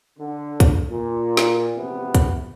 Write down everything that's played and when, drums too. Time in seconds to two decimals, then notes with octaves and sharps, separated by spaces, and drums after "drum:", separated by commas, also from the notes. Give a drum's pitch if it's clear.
0.19 D3
0.60 drum: kick, hi-hat
0.90 A#2
1.37 drum: snare
1.76 A1 E2 C3 F3 B3
2.15 drum: kick, hi-hat